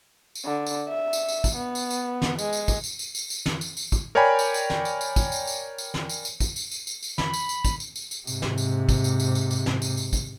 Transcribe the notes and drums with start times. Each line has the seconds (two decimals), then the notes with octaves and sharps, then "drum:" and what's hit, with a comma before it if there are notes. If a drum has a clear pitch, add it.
0.35 drum: tambourine
0.45 D3
0.66 drum: tambourine
0.89 E5
1.13 drum: tambourine
1.28 drum: tambourine
1.44 drum: kick, tambourine
1.56 B3
1.75 drum: tambourine
1.91 drum: tambourine
2.22 drum: snare
2.39 G#3, drum: tambourine
2.53 drum: tambourine
2.68 drum: kick, tambourine
2.84 drum: tambourine
2.99 drum: tambourine
3.15 drum: tambourine
3.30 drum: tambourine
3.46 drum: snare
3.61 drum: tambourine
3.77 drum: tambourine
3.92 drum: kick, tambourine
4.15 A#4 C#5 D5 G5 G#5 B5
4.39 drum: tambourine
4.54 drum: tambourine
4.70 drum: snare
4.85 drum: tambourine
5.01 drum: tambourine
5.16 drum: kick, tambourine
5.32 drum: tambourine
5.47 drum: tambourine
5.78 drum: tambourine
5.94 drum: snare
6.09 drum: tambourine
6.25 drum: tambourine
6.40 drum: kick, tambourine
6.56 drum: tambourine
6.71 drum: tambourine
6.87 drum: tambourine
7.02 drum: tambourine
7.18 B5, drum: snare
7.33 drum: tambourine
7.49 drum: tambourine
7.65 drum: kick, tambourine
7.80 drum: tambourine
7.96 drum: tambourine
8.11 drum: tambourine
8.27 G#2 C3, drum: tambourine
8.42 drum: snare
8.58 drum: tambourine
8.89 drum: kick, tambourine
9.04 drum: tambourine
9.20 drum: tambourine
9.35 drum: tambourine
9.51 drum: tambourine
9.66 drum: snare
9.82 drum: tambourine
9.97 drum: tambourine
10.13 drum: kick, tambourine